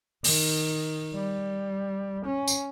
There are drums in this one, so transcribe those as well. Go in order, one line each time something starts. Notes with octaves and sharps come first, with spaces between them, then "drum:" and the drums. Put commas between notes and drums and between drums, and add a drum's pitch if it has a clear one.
D#3, drum: open hi-hat
G3
C#4
drum: tambourine